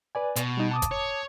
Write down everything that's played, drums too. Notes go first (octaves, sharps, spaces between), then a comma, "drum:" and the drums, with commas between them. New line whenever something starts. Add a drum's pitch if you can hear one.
B4 D5 G#5
B2, drum: hi-hat
G3 D#4
A5 D6 D#6
drum: kick F1, hi-hat
C#5